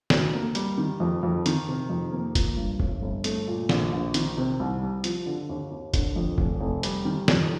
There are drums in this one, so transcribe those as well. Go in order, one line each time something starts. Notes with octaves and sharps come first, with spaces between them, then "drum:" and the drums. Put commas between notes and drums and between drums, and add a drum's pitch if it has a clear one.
D2, drum: snare
A#3
G3, drum: hi-hat
D#3
F2
F2
D#3, drum: hi-hat
C3
F2
A#3
F3, drum: kick, hi-hat
G2
G1, drum: kick
G1
A3, drum: hi-hat
A#2
A#1, drum: snare
A#1
D#3, drum: hi-hat
C3
C2
G3
F3, drum: hi-hat
D3
D#2
D#2
D3, drum: kick, hi-hat
F2
F1, drum: kick
F1
G3, drum: hi-hat
D#3
F2, drum: snare